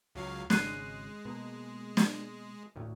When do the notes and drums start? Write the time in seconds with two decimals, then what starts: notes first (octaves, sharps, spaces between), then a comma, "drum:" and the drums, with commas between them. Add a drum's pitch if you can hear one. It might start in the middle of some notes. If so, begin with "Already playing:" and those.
0.15 C#2 F#3 F5
0.50 G#1 C#3 G#3 F#6 C7 D#7, drum: snare
1.25 B2 A#3
1.97 drum: snare
2.76 A1 D2 A2